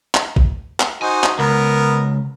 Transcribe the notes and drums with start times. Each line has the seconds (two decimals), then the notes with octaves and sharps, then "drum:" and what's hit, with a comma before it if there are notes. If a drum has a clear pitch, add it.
0.15 drum: clap
0.36 drum: kick
0.80 drum: clap
1.02 D#4 F#4 C5 G#5
1.24 drum: clap
1.39 C#2 B3 A#4